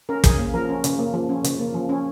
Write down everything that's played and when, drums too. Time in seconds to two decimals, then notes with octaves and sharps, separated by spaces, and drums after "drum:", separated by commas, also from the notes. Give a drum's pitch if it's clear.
0.09 C#4 A#4
0.24 C#3 G#4, drum: kick, hi-hat
0.39 A#3
0.54 F3 A#4
0.69 C#4
0.84 C#3, drum: hi-hat
0.99 A#3
1.14 F3
1.29 C#4
1.44 C#3, drum: hi-hat
1.59 A#3
1.74 F3
1.89 C#4